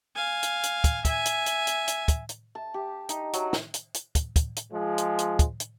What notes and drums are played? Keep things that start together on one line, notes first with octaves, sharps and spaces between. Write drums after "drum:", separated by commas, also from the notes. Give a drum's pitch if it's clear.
F5 G#5
drum: hi-hat
drum: hi-hat
drum: kick, hi-hat
E5 G#5, drum: kick, hi-hat
drum: hi-hat
drum: hi-hat
drum: hi-hat
drum: hi-hat
drum: kick, hi-hat
drum: hi-hat
A5
G4
D#4, drum: hi-hat
F#3, drum: hi-hat
drum: snare
drum: hi-hat
drum: hi-hat
drum: kick, hi-hat
drum: kick, hi-hat
drum: hi-hat
F3 G#3
drum: hi-hat
drum: hi-hat
drum: kick, hi-hat
drum: hi-hat